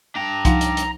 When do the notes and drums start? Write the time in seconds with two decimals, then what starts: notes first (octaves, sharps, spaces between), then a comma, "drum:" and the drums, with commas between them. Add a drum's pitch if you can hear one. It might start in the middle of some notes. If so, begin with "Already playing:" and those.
0.15 D4 G5 A#5
0.45 C2 F3 D#4 F5 F#5, drum: kick, hi-hat
0.61 drum: hi-hat
0.77 drum: hi-hat